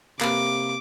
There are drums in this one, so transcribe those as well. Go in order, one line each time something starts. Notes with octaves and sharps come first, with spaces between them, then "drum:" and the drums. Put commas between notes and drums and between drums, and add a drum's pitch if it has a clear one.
C3 A#3 B4 D6, drum: clap